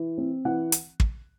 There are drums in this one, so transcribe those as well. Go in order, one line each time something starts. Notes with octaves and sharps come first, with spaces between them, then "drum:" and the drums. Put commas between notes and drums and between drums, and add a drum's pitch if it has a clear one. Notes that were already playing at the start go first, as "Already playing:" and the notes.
Already playing: E3
C4
E3 F#5
drum: hi-hat
drum: kick